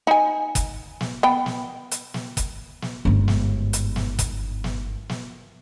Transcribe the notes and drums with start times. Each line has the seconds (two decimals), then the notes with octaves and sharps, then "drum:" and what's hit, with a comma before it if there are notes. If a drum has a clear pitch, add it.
0.07 D#4 G#5
0.55 drum: kick F#1, hi-hat
1.01 drum: snare
1.23 B3 G5
1.46 drum: snare
1.91 drum: hi-hat
2.14 drum: snare
2.37 drum: kick F#1, hi-hat
2.82 drum: snare
3.05 G1 G#2
3.28 drum: snare
3.73 drum: hi-hat
3.96 drum: snare
4.19 drum: kick F#1, hi-hat
4.64 drum: snare
5.09 drum: snare